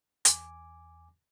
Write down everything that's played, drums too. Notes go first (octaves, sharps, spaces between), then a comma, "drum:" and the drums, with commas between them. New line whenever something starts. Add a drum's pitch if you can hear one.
E2 G#5 D6, drum: hi-hat